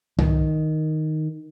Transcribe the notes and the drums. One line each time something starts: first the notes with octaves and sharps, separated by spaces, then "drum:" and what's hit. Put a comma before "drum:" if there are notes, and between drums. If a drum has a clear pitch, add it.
D#3, drum: tom C2